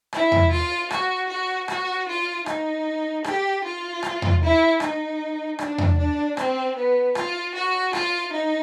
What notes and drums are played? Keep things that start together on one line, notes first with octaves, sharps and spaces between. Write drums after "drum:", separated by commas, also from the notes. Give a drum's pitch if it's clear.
E4, drum: rim click
drum: tom E2
F4
F#4, drum: rim click
F#4
F#4, drum: rim click
F4
D#4, drum: rim click
G4, drum: rim click
F4
drum: rim click
drum: tom E2
E4
D#4, drum: rim click
D4, drum: rim click
drum: tom E2
D4
C4, drum: rim click
B3
F4, drum: rim click
F#4
F4, drum: rim click
D#4